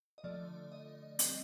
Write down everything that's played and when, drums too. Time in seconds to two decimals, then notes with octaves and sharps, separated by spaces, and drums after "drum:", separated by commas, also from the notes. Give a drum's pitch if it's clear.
0.18 D#5
0.24 D3 F3 A3 D5
0.72 D#5
1.19 G3 C4 D#5, drum: hi-hat